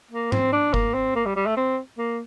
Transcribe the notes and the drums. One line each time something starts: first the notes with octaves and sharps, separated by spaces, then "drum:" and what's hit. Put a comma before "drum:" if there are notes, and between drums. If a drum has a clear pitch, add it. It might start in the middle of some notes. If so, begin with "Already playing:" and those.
A#3
C4, drum: tom G#2
D4
A#3, drum: kick F#1
C4
A#3
G3
G3
A3
C4
A#3